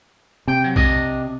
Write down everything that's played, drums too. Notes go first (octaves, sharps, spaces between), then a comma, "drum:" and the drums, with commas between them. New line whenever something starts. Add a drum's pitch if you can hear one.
C3 G5
F#3
D4 D#5, drum: kick B1